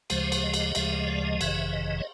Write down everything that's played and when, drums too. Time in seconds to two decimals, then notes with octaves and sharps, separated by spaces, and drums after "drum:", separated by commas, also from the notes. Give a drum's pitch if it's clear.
0.10 D2 C#3 F3 G#3 C5, drum: cymbal
0.32 drum: cymbal
0.43 D#5
0.54 drum: cymbal
0.75 D2 C#3 F3 G#3 E5, drum: cymbal
0.92 D#5
1.08 D5
1.24 D#5
1.41 G#1 F#2 C#3 E3 E5, drum: cymbal
1.48 D#5
1.55 E5
1.73 D#5
1.99 C#5